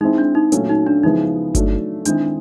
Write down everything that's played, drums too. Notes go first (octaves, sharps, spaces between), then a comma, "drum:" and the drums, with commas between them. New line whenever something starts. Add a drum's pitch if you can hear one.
G#3 C4 D#4 E4
D4
D#4
A#2 F#3 A3 C#4 F#4, drum: hi-hat
D#4
D4
C#3 F3 G#3 B3 D#4 E4
F#3 A3 D4, drum: kick G1, hi-hat
D#3 G#3 C4 D4 E4 G#4, drum: hi-hat